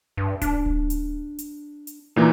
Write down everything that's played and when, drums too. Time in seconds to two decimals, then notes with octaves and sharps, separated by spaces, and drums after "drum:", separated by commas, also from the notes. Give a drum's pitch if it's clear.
0.17 G2
0.42 D4, drum: kick D1, hi-hat
0.66 drum: kick D1
0.90 drum: hi-hat
1.39 drum: hi-hat
1.87 drum: hi-hat
2.16 A#2 E3 A#3 D#4